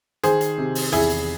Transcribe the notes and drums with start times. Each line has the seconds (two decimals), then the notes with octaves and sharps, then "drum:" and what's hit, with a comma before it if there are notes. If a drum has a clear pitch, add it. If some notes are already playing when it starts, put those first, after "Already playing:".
0.24 D#3 G#4 C5, drum: hi-hat
0.41 drum: hi-hat
0.58 C3
0.75 drum: open hi-hat
0.92 E2 E4 G#4, drum: hi-hat
1.10 drum: hi-hat